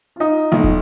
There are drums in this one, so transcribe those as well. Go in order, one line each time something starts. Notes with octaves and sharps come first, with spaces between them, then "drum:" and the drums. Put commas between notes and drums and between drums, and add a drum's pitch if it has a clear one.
D#4 F4
B1
drum: kick